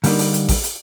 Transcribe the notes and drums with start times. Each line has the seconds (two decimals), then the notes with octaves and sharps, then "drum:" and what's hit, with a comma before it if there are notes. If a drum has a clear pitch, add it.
0.04 D3 G3 A#3 D4 D#4, drum: open hi-hat
0.19 drum: open hi-hat
0.34 drum: hi-hat
0.49 drum: kick A1, open hi-hat
0.64 drum: hi-hat